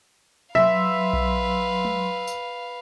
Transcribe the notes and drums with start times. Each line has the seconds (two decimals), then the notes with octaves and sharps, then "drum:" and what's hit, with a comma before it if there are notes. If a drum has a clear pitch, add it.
0.55 F#3 B4 E5 F5 C6, drum: tom B2
1.13 drum: kick B1
1.85 drum: tom G#3
2.27 drum: tambourine